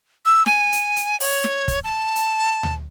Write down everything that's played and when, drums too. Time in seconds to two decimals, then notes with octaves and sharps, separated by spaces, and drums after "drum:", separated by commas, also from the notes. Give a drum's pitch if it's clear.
0.26 E6
0.46 G#5, drum: snare
0.72 drum: hi-hat
0.96 drum: hi-hat
1.20 C#5, drum: open hi-hat
1.44 drum: snare
1.68 drum: kick, hi-hat
1.84 A5
2.16 drum: hi-hat
2.63 drum: tom D2